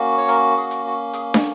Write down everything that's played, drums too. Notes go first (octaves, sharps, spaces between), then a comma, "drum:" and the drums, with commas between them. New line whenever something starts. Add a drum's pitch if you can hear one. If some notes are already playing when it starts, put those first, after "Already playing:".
Already playing: A#3 C#4 F#4
C#5
A#4, drum: hi-hat
G#4
drum: hi-hat
F#4
G#4, drum: hi-hat
drum: snare